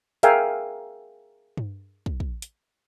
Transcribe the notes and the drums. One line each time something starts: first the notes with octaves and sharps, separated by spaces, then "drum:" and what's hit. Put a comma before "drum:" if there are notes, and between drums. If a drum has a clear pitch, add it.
G#4 A#4 E5 F5 G5 G#5, drum: hi-hat
drum: tom G2
drum: kick
drum: kick
drum: hi-hat